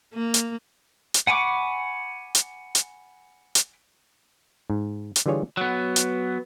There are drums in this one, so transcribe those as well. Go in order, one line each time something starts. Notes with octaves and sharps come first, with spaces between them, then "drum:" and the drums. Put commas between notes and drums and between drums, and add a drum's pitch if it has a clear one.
A#3
drum: hi-hat
drum: hi-hat
F#5 G#5 B5 C#6 D6
drum: hi-hat
drum: hi-hat
drum: hi-hat
G#2
drum: hi-hat
D3 E3 G3 F4 G#4 C#5
F#3 B3
drum: hi-hat